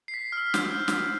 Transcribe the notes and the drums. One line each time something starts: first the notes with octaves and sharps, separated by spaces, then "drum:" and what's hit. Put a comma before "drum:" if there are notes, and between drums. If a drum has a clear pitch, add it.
C7
B6
F6
E6
G6, drum: snare
F6
drum: snare